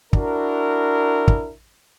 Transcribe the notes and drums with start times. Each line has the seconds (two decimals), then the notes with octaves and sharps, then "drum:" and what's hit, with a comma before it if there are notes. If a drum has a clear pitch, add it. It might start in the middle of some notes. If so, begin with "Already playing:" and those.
0.13 D4 E4 F#4 A#4, drum: kick
1.28 drum: kick